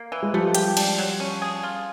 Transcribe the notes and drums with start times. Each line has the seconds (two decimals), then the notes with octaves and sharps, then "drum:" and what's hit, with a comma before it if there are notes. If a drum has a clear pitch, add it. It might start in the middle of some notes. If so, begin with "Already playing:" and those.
Already playing: A#3
0.12 E3
0.22 G#3
0.33 F3 G3 A3
0.55 G4, drum: hi-hat
0.77 D4, drum: cymbal
0.98 F#3
1.20 C#4
1.42 G#4
1.63 F4